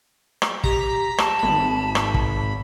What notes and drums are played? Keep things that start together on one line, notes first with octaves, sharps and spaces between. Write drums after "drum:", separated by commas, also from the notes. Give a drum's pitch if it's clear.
drum: rim click
G4 A#5 B6, drum: kick
A5, drum: rim click
G#1 B5
drum: rim click
drum: kick